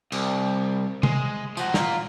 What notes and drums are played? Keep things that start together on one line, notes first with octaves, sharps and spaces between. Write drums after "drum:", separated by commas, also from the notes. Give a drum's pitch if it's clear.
C2, drum: cymbal
G#3, drum: tom C3
F3 F#4, drum: tambourine
F4 A#5, drum: snare